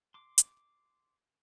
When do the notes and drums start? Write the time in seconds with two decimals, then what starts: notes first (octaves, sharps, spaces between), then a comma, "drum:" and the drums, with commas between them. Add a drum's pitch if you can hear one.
0.14 C6 D6
0.38 drum: hi-hat